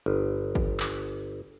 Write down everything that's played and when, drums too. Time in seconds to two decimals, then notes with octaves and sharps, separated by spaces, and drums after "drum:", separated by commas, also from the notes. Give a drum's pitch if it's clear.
0.06 G1
0.55 drum: kick G#1
0.80 drum: clap